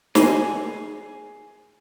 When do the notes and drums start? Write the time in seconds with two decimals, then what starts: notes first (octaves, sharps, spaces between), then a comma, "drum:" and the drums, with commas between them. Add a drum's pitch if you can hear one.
0.15 G#4 G#5, drum: snare